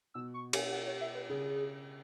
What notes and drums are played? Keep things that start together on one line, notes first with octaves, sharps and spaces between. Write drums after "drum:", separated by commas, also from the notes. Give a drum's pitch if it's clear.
B2 E6
C#6
G#5, drum: cymbal
F#5
C#5
E5
B4
C#3 G#4